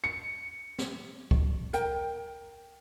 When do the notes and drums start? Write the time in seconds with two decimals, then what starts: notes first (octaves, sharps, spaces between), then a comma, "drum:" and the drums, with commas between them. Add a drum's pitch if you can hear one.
0.04 C#7
0.79 drum: snare
1.31 drum: kick
1.73 A#4 G5, drum: hi-hat